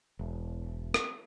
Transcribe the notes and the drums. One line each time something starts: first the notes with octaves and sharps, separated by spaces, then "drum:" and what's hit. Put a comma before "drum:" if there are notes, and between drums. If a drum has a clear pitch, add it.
E1
drum: rim click